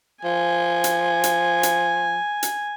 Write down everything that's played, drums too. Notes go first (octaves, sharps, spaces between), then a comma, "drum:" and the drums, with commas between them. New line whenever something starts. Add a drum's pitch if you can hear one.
F3 G#5
drum: hi-hat
drum: hi-hat
drum: hi-hat
drum: hi-hat